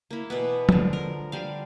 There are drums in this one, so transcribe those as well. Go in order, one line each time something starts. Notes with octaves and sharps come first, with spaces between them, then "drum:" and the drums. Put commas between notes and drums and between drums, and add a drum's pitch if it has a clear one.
A#3 E4
B2 E3 B3
D3 F3, drum: tom
A#4
D3 G3 F5